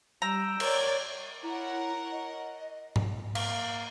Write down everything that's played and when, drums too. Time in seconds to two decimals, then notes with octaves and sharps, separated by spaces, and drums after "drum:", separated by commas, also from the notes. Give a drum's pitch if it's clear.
0.22 G3 G5 A#5 E6
0.60 A#4 C#5 D5, drum: cymbal
1.43 E4 A#4 C#5 F#5
2.12 D#5
2.96 drum: tom G#2
3.35 A#3, drum: cymbal